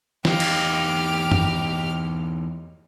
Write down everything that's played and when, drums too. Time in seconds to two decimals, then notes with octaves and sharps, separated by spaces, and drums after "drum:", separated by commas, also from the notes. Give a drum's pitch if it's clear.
0.25 E2 D#4 G4 F5 F6, drum: snare
0.40 drum: cymbal
1.31 drum: tom F#2